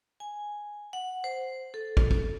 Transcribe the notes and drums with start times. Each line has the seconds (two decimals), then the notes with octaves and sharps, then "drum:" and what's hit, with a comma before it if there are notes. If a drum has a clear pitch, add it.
0.20 G#5
0.93 F#5
1.24 C5
1.74 A4
1.97 drum: kick
2.11 drum: kick